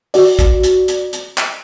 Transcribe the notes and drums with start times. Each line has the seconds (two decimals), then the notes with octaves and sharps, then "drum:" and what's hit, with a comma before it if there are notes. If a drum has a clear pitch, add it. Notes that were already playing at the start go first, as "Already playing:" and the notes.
0.14 F#4 D5, drum: open hi-hat
0.39 drum: kick A#1, hi-hat
0.63 drum: hi-hat
0.88 drum: hi-hat
1.13 drum: hi-hat
1.38 drum: clap